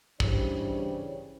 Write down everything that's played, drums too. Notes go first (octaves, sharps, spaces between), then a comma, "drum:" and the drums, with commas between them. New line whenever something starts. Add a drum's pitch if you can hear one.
C#3 E3 G3 D4 C5 C#5, drum: kick